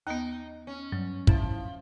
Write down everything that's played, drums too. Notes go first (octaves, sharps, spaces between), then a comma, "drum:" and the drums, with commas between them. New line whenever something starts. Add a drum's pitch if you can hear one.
D#2 B3 D#4
C#4
G2 F#3
C2 F3 E4 A5, drum: kick